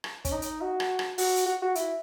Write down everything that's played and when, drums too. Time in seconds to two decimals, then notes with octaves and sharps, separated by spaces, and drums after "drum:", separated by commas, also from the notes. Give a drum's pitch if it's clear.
0.04 drum: rim click
0.25 C#4, drum: kick, hi-hat
0.32 D#4
0.42 drum: hi-hat
0.61 F#4
0.80 drum: rim click
0.99 drum: rim click
1.18 F#4, drum: open hi-hat
1.37 drum: hi-hat
1.46 F#4
1.62 F#4
1.75 E4, drum: hi-hat